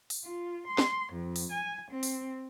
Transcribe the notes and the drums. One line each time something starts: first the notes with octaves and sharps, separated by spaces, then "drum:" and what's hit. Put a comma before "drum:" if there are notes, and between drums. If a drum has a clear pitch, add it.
drum: open hi-hat
F4
C6
drum: snare
F2
drum: open hi-hat
G#5
C4
drum: open hi-hat